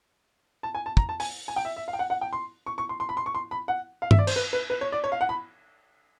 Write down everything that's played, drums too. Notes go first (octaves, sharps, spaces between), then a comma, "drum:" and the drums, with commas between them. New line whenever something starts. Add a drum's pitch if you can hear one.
A5
G#5
A5
A#5, drum: kick
A5
G#5, drum: open hi-hat
G#5
G5
E5
E5
F5
G5
F#5
F#5
G5
C6
C#6
C#6
C6
C6
B5
C6
C#6
C6
B5
F#5
F5
E5, drum: tom G2
D5
C5, drum: cymbal
B4
B4
B4
C#5
D5
C#5
F5
F#5
B5